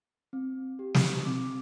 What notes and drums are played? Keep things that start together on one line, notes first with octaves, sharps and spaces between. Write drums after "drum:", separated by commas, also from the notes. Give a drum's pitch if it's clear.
C4
G4
drum: snare
C4 D6